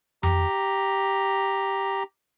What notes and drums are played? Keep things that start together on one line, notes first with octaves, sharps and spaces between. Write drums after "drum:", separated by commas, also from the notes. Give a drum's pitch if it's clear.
G4 A#5, drum: tom F2